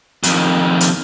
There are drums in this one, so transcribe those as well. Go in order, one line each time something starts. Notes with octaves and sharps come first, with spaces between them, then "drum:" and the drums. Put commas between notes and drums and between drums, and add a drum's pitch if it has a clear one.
F2 D#3, drum: hi-hat
drum: hi-hat